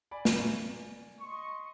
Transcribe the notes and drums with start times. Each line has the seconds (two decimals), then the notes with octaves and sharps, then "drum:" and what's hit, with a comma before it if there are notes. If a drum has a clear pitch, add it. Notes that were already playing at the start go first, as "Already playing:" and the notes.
0.11 D5 G#5 B5
0.25 drum: snare
1.20 D#5 C6 C#6